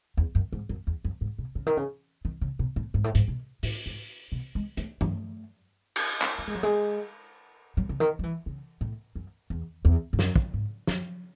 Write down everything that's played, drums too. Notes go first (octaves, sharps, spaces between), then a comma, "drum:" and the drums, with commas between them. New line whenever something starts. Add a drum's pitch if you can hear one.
E2
F#2
G#2
F#2
E2
F#2
G#2
B2
C#3
D#3
C#3
D#3
C#3
B2
A2
G#2
A2
G#2, drum: hi-hat
B2
A2, drum: open hi-hat
G#2
B2
G#3
A3, drum: hi-hat
A3, drum: tom G2
drum: cymbal
drum: clap
A3
G#3
F#3
G#3
F#3
C#3
D#3
F#3
E3
C#3
A2
F#2
E2
E2
G#2
F#2, drum: snare
drum: kick
G#2
F#2, drum: snare